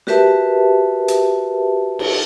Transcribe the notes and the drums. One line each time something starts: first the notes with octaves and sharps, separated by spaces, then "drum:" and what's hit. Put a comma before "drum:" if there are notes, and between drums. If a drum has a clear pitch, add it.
F#4 G4 A#4 B4 E5 A5, drum: snare
drum: hi-hat
drum: cymbal